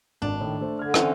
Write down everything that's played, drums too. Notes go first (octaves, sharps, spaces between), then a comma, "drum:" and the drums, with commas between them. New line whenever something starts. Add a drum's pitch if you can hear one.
G#1 D4
A2 D#3
A3 C5
D3 F6 G#6
E3 C4 C#4, drum: rim click